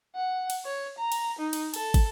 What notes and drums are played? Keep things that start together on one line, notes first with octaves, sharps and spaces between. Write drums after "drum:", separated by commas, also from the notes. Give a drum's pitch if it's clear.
F#5
drum: cymbal
C#5
A#5
drum: cymbal
D#4
drum: cymbal
A4, drum: cymbal
drum: kick, cymbal